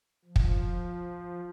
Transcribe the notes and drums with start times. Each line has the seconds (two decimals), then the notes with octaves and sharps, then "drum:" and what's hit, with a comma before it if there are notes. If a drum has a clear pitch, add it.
0.25 F3
0.36 drum: kick